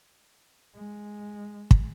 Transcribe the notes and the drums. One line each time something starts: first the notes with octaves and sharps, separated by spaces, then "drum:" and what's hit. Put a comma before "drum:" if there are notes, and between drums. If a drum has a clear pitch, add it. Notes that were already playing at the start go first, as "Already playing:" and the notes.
G#3
drum: kick